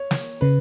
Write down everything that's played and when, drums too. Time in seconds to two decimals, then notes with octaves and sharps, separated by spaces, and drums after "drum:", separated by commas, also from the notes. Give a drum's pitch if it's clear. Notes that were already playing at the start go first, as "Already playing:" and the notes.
Already playing: C#5
0.11 drum: snare
0.41 C#3 B4